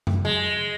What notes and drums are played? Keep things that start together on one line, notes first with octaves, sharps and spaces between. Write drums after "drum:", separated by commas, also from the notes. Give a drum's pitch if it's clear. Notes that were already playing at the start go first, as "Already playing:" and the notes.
drum: tom F#2
G#3